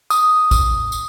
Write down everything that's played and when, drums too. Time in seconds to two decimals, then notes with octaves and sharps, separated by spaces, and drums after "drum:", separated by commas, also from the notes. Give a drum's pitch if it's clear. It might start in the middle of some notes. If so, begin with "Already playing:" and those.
0.10 D#6, drum: tambourine
0.51 drum: kick, tambourine
0.92 drum: tambourine